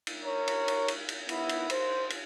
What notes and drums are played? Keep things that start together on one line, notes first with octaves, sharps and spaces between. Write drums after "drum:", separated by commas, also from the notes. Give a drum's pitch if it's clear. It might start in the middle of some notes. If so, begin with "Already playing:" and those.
drum: cymbal
A#4 C#5
drum: cymbal
drum: cymbal
drum: cymbal
drum: cymbal
B3 E4, drum: cymbal
drum: cymbal
C5, drum: cymbal
drum: cymbal